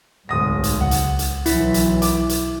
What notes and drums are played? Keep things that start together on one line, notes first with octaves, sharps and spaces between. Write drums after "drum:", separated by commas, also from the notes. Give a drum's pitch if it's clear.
D1 B1 G#2 D#6 A#6
drum: hi-hat
C#2 F#5
drum: hi-hat
drum: hi-hat
B1 E3 F#3 E4 B6, drum: hi-hat
drum: hi-hat
D6, drum: hi-hat
drum: hi-hat